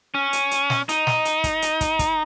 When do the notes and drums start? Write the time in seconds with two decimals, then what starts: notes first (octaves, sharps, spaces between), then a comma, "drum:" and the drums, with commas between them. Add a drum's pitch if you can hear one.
0.14 C#4
0.33 drum: hi-hat
0.51 drum: hi-hat
0.70 drum: snare
0.89 D#4, drum: hi-hat
1.07 drum: snare
1.25 drum: hi-hat
1.44 drum: kick, hi-hat
1.62 drum: hi-hat
1.81 drum: kick, hi-hat
1.99 drum: kick, hi-hat